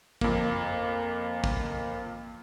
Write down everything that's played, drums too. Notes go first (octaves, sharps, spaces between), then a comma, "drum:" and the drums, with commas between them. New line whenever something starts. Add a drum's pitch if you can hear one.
F2 A#3, drum: kick
drum: kick